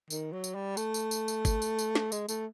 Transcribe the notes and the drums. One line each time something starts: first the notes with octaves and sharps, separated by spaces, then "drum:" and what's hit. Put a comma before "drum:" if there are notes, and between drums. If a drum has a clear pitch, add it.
D#3, drum: tambourine
F#3
drum: tambourine
G3
A3, drum: tambourine
drum: tambourine
drum: tambourine
drum: tambourine
drum: kick, tambourine
drum: tambourine
drum: tambourine
drum: snare
G#3, drum: tambourine
A3, drum: tambourine